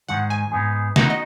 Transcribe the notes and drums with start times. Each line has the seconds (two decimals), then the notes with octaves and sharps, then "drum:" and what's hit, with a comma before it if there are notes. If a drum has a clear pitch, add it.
0.09 G#2 D#3 G#3 F#5
0.30 G#5
0.52 G#2 G#3 B3 D#4 G#4
0.96 D#3 B3 D#4 F#4 F#5, drum: snare
1.10 D#5